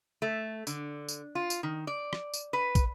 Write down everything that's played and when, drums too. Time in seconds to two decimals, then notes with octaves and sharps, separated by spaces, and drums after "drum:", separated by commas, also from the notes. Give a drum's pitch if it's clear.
0.22 A3
0.67 D3, drum: tambourine
1.08 drum: tambourine
1.35 F4
1.50 drum: tambourine
1.63 D#3
1.87 D5
2.13 drum: rim click
2.34 drum: tambourine
2.53 B4
2.75 drum: kick, tambourine